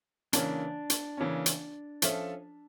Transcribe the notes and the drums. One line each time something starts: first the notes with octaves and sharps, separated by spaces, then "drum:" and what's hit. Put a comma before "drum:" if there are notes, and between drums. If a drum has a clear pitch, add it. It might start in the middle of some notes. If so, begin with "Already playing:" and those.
C#3 E3 A#3 C#4 D4, drum: hi-hat
drum: hi-hat
C#3 E3 A#3 C#4
drum: hi-hat
F3 C#4 F4 A4 E5, drum: hi-hat